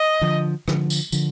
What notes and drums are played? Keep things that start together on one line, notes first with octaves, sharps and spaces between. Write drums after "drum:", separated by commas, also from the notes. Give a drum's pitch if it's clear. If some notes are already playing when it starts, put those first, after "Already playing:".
Already playing: D#5
D3 F3
D3 F3, drum: rim click
drum: tambourine
D3 F3, drum: tambourine